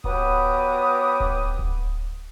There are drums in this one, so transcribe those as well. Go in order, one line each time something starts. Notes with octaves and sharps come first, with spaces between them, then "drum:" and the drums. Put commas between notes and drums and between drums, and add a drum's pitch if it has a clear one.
F#3 B3 G4 B4 D6 D#6, drum: kick D1
drum: kick D1
drum: kick D1